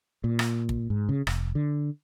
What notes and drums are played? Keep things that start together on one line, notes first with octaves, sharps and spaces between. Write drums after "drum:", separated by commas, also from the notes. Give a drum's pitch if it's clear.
A#2
drum: rim click
drum: kick
G#2
C#3
F1, drum: rim click
D3